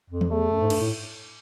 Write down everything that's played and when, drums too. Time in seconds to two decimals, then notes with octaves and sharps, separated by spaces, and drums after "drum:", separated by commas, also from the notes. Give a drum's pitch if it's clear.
0.10 F2
0.21 drum: tom E3
0.31 E2 A3
0.51 F#2
0.61 G#2
0.70 G2, drum: cymbal
0.80 A2